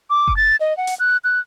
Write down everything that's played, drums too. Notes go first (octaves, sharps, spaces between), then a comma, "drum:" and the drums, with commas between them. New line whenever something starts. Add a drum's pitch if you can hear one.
D6
drum: kick F#1
A6
D#5
F#5
drum: hi-hat
F#6
F#6